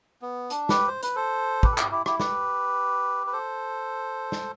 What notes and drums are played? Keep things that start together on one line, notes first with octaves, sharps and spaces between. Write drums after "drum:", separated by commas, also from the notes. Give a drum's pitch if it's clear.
B3
D4, drum: hi-hat
G4 B4, drum: snare
C5
B4, drum: hi-hat
A4 C5
G4 B4, drum: kick
A4
E4 G4, drum: clap
E4 G4
E4 G4, drum: rim click
G4 B4, drum: snare
B4
A4 C5
drum: snare